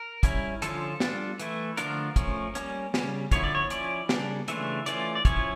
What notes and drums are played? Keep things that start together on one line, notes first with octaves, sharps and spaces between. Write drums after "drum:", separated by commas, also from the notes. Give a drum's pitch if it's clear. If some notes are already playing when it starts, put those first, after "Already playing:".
Already playing: A#4
G3 C#4 E4, drum: kick, hi-hat
D3 F3 C#4 F4 A4, drum: hi-hat
G3 D4 F4, drum: snare
E3 A3 E4, drum: hi-hat
D3 F3 A3 D4 F4 A#4, drum: hi-hat
F3 A3 C#4, drum: kick, hi-hat
G3 A#3 C#4, drum: hi-hat
C#3 G3 C#4, drum: snare
D3 F3 A#3 E4 C#5, drum: kick, hi-hat
D5
C#5
F3 C#4 E4 D5, drum: hi-hat
C#3 G3 A#3 D4, drum: snare
C#3 E3 A3 D4 F4 E5, drum: hi-hat
E3 A3 C#4 F4 D5, drum: hi-hat
D5
F3 C#4 E4 C#5, drum: kick, hi-hat